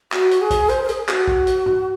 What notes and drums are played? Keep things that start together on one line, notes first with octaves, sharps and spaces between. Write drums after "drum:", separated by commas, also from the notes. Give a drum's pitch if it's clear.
F#4, drum: clap
drum: hi-hat
G#4
drum: kick, hi-hat
C5, drum: hi-hat
A#4
G#4, drum: hi-hat
F#4, drum: clap
drum: kick
drum: hi-hat
drum: tom G2